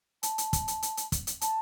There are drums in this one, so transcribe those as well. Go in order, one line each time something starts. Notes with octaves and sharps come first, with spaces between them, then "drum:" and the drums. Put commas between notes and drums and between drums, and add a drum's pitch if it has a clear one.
A5, drum: hi-hat
drum: hi-hat
drum: kick, hi-hat
drum: hi-hat
drum: hi-hat
drum: hi-hat
drum: kick, hi-hat
drum: hi-hat
A5, drum: hi-hat